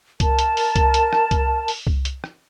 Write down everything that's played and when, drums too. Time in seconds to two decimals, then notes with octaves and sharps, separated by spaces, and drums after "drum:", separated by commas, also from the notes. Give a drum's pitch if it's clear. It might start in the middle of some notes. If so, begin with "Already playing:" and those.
0.20 A#4 A5, drum: kick C2, hi-hat
0.39 drum: hi-hat
0.57 drum: open hi-hat
0.76 drum: kick C2, hi-hat
0.94 drum: hi-hat
1.13 drum: rim click
1.31 drum: kick C2, hi-hat
1.68 drum: open hi-hat
1.87 drum: kick C2
2.05 drum: hi-hat
2.24 drum: rim click